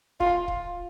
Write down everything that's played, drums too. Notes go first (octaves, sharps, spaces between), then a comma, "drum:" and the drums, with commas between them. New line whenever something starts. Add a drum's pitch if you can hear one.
F4, drum: kick
drum: kick